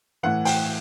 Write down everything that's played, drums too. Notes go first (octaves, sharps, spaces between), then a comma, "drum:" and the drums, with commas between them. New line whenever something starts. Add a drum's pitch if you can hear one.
A2 E3 F#5
G5, drum: open hi-hat